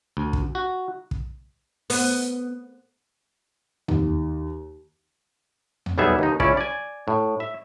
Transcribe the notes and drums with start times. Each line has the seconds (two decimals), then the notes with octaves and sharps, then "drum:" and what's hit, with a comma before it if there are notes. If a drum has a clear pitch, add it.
0.17 D2
0.33 drum: kick
0.55 F#4
1.11 drum: kick
1.90 B3, drum: open hi-hat
3.88 D#2, drum: tom E2
5.86 drum: tom E2
5.98 B1 G3 B3 G#4 E5
6.19 D#2 D#4
6.40 C#2 C#4 E4 D5, drum: kick
6.57 D5 G#5
7.08 A2
7.40 E5